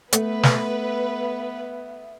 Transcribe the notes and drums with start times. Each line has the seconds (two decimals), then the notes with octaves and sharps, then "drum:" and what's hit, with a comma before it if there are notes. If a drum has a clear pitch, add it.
0.12 A3 B3 B4 E5, drum: hi-hat
0.43 drum: snare